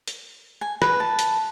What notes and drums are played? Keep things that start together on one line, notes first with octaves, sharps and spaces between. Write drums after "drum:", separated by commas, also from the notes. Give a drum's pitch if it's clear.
drum: hi-hat
G#5
B4, drum: rim click
A5
drum: hi-hat